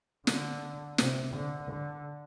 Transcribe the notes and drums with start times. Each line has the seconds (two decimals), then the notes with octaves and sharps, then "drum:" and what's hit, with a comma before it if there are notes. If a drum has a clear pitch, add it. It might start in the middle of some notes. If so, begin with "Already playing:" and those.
0.27 D3, drum: snare
0.98 C3, drum: snare
1.34 D3
1.71 D3